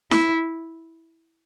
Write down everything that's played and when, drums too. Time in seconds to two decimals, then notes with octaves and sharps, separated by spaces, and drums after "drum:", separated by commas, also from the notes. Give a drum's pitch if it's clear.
0.11 E4, drum: snare E4